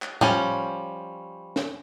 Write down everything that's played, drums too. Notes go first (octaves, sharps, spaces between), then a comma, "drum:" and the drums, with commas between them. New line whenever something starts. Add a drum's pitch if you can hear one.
drum: clap
F3 G3 C#4, drum: tom A2
drum: snare